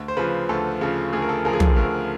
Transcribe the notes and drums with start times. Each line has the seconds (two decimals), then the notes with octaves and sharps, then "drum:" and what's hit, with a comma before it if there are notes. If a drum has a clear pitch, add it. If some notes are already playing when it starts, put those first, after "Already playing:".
Already playing: D2
0.08 C5
0.17 C#3 F3 B4
0.49 D2 A4
0.81 C#3 F3
1.13 D2 G#4
1.22 A#4
1.29 A4
1.45 C#3 F3 A#4
1.53 G#4
1.60 A4, drum: tom
1.76 D2 A#4